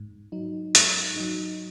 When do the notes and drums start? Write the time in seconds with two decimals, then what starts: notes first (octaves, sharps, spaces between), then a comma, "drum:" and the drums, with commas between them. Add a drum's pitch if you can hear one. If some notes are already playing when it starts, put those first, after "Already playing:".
Already playing: G#2
0.32 F#3 D#4
0.75 G#2, drum: hi-hat
1.17 F#3 D#4